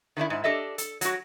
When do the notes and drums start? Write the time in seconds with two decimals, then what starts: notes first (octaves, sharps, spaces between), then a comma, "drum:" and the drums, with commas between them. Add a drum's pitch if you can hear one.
0.17 D#3 A3 D4 E4
0.30 G#2 E4
0.44 D4 G4 A4 D#5 E5
0.78 A4, drum: hi-hat
1.01 F#3 F#4, drum: hi-hat